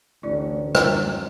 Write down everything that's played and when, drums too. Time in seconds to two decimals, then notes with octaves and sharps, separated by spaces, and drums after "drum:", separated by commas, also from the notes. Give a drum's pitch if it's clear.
0.23 A1 D2 E4 D5
0.75 F#2, drum: rim click